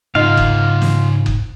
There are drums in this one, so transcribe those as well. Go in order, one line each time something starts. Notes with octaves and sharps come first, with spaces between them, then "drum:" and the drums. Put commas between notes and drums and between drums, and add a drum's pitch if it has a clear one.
G#2 C#3 D#4 F4 F5 F#5
drum: kick F#1
drum: snare
drum: kick F#1